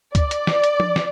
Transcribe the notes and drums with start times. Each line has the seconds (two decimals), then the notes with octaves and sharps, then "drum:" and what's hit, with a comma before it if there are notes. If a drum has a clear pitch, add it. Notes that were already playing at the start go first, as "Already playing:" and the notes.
0.15 D5, drum: kick C#2, hi-hat
0.31 drum: hi-hat
0.47 drum: snare
0.64 drum: hi-hat
0.80 drum: tom F3
0.96 drum: snare